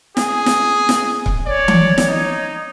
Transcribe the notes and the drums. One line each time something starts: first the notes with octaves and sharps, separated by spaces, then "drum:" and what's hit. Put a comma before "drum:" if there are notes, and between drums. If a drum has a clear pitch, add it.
G#4, drum: snare
drum: snare
drum: snare
drum: kick C#1
C#5 D5
drum: tom E3
drum: snare
D#4